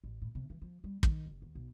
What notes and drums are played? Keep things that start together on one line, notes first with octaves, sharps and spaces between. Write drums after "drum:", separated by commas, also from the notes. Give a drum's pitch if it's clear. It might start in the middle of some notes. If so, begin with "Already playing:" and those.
A1
A2
C3
E3
F3
G3
D#3, drum: kick
F#1
D#2
B1